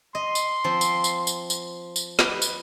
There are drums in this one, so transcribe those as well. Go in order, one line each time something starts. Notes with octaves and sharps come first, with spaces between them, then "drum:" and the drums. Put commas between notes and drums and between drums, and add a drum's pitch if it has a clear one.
D#5 C6
drum: tambourine
F3 C4
drum: tambourine
drum: tambourine
drum: tambourine
drum: tambourine
drum: tambourine
B4 D#5, drum: snare
drum: tambourine